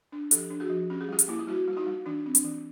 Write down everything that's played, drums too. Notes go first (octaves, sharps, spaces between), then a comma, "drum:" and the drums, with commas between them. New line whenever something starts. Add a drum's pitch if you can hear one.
D4
F3 G4 A4, drum: hi-hat
D4
F#4 G#4
F3
C#4 G4
G#4
G3 F4 G4
drum: hi-hat
A#3 E4
F4
G3 E4 F#4
G3
F#4
D#4 F4
G3
E3 D4
C4
D4, drum: hi-hat
E3